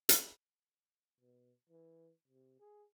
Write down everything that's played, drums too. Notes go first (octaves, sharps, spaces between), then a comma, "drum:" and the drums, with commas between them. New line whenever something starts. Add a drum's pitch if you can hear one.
drum: hi-hat
B2
E3
C3
G#4